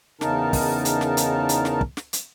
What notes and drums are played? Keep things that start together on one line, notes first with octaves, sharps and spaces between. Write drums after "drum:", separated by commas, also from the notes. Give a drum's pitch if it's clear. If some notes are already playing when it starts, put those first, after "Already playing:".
E2 C#3 D#4 A#4 A5, drum: snare
drum: kick, open hi-hat
drum: hi-hat
drum: snare
drum: hi-hat
drum: hi-hat
drum: snare
drum: kick
drum: snare
drum: hi-hat